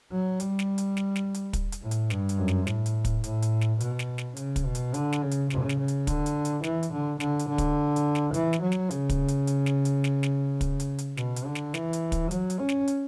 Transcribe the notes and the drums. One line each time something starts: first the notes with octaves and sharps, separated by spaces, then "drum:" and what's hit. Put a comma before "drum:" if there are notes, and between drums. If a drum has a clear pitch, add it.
F#3
G3, drum: hi-hat
drum: snare
drum: hi-hat
drum: snare
drum: snare
drum: hi-hat
drum: kick, hi-hat
drum: hi-hat
A2
drum: hi-hat
G2, drum: snare
drum: hi-hat
F#2
drum: snare
A2, drum: snare
drum: hi-hat
drum: kick, hi-hat
A2, drum: hi-hat
drum: hi-hat
drum: snare
B2, drum: hi-hat
drum: snare
drum: snare
C#3, drum: hi-hat
drum: kick, hi-hat
B2
drum: hi-hat
D3, drum: hi-hat
drum: snare
C#3
drum: hi-hat
C#3, drum: snare
drum: snare
C#3
drum: hi-hat
D3, drum: kick, hi-hat
drum: hi-hat
drum: hi-hat
E3, drum: snare
drum: hi-hat
D3
D3, drum: snare
drum: hi-hat
D3
drum: kick, hi-hat
drum: hi-hat
drum: snare
E3, drum: hi-hat
drum: snare
F#3
drum: snare
C#3, drum: hi-hat
drum: kick, hi-hat
drum: hi-hat
drum: hi-hat
drum: snare
drum: hi-hat
drum: snare
drum: snare
drum: kick, hi-hat
drum: hi-hat
drum: hi-hat
B2, drum: snare
drum: hi-hat
D3
drum: snare
E3, drum: snare
drum: hi-hat
drum: kick, hi-hat
F#3, drum: hi-hat
drum: hi-hat
C#4
drum: snare
drum: hi-hat